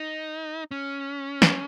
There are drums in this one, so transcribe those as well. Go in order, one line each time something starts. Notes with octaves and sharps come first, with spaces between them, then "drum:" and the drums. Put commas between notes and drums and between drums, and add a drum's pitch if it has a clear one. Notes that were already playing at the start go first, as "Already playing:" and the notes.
Already playing: D#4
C#4
drum: snare